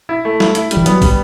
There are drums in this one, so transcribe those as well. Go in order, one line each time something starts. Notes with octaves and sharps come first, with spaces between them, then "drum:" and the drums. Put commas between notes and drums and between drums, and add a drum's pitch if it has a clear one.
E4
A3
E4, drum: snare
E4, drum: hi-hat
G3, drum: hi-hat
E3
F#3 B3, drum: hi-hat
G3, drum: kick, open hi-hat